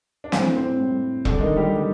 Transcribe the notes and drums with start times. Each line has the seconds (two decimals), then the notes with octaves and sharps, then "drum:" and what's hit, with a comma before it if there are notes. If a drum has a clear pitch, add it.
0.24 D4
0.32 A2 G3 C4, drum: snare
0.56 C4
0.79 A2 G3
1.25 D3 G3 D4, drum: kick E1
1.41 D#3 D#4
1.56 G3 G4
1.71 D3 G3